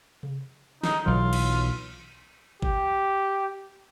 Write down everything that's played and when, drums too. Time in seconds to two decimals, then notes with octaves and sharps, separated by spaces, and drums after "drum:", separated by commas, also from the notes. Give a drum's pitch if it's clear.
0.23 drum: tom C3
0.84 D#4, drum: snare
1.06 B1 E3 F#3 F4
1.33 drum: cymbal
2.62 G4, drum: kick G#1